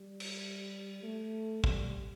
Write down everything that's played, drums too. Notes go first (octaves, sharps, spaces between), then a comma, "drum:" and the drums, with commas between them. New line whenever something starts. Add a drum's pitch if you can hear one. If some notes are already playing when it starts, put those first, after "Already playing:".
Already playing: G3
drum: cymbal
A3
G3, drum: kick